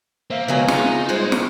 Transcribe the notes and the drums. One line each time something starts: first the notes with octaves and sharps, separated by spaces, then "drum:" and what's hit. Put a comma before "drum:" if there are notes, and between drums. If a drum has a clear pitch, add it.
A#3 C5 E5 F5
C#2 D#3 F#3 B3 B4 F5 G#5
G#3 D#4 F4, drum: snare
G3 G#3 E4 C5 F#6
drum: snare